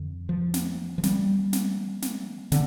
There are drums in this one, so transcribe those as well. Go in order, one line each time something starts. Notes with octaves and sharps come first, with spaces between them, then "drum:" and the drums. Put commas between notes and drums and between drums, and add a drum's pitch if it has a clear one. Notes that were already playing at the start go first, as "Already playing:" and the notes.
Already playing: F2 D3
F3
drum: snare
F3
G3, drum: snare
drum: snare
drum: snare
D3, drum: snare